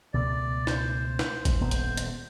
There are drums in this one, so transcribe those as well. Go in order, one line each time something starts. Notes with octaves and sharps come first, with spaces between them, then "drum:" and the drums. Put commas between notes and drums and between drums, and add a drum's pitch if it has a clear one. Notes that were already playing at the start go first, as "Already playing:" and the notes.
C#2 B2 A3 D5
C5, drum: snare
drum: snare
drum: kick A1, hi-hat
D#1 B3
drum: hi-hat
drum: hi-hat